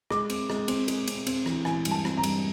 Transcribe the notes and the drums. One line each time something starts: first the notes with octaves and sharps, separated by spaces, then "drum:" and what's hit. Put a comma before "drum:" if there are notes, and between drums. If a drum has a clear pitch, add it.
G#3 D6, drum: rim click
C4, drum: cymbal
G#3, drum: rim click
C4, drum: cymbal
G#3, drum: cymbal
C4, drum: cymbal
C4, drum: cymbal
E3, drum: rim click
E3 G#5, drum: rim click
G2, drum: cymbal
A5
C4, drum: rim click
A#5
G2, drum: cymbal